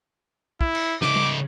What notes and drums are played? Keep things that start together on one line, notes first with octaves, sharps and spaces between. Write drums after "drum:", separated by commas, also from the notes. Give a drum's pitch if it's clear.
E4, drum: kick
drum: cymbal
C#3 D#4 D6, drum: snare
drum: tom G3